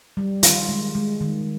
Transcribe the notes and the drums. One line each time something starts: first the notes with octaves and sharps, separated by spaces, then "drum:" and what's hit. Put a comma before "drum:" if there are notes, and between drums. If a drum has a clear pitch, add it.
G3
D#3 F4, drum: hi-hat
G#3
G#3
D#3